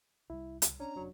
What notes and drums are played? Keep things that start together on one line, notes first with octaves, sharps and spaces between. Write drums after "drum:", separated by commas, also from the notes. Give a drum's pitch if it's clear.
C2 G3 E4
C#2, drum: hi-hat
C#4 D4 A#5
F1 F#3 C#4